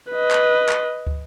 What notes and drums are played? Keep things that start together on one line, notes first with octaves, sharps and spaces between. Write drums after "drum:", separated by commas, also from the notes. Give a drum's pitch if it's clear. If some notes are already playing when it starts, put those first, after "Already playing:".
B4 D#5
drum: clap
drum: clap
drum: kick